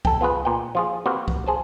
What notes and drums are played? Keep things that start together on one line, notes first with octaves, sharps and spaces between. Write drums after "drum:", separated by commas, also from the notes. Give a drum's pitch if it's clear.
A4 G5, drum: kick C2
B3 F4 G#4 B4
A#2 G5
F3 F4 G#4
A#3 C4 F#4 G4 B4 C5
drum: kick C2
G#4 C5 A5